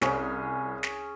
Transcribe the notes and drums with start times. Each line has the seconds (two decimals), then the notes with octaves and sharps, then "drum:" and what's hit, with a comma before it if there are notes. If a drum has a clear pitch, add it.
0.01 C2 C#4 G#4, drum: snare
0.83 drum: snare